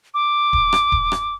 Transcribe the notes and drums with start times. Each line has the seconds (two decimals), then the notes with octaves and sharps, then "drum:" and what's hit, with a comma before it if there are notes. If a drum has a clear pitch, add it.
0.14 D6
0.53 drum: kick D#1
0.73 drum: rim click
0.92 drum: kick D#1
1.12 drum: rim click